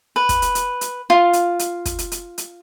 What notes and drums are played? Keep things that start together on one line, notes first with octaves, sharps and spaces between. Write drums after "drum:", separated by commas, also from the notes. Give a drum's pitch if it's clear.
B4
drum: kick, hi-hat
drum: hi-hat
drum: hi-hat
drum: hi-hat
F4
drum: hi-hat
drum: hi-hat
drum: kick, hi-hat
drum: hi-hat
drum: hi-hat
drum: hi-hat